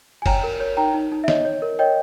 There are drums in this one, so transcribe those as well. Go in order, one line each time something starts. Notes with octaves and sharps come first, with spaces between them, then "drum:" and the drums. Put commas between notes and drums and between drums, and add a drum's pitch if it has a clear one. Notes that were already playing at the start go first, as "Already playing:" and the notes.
G#5
C#5 G5 A#5, drum: kick, cymbal
A#4
C#5
D#4 G5 A#5
D#4
D#4
E5
C#5 D#5, drum: snare
C#5
A#4
C#5 D#5 G5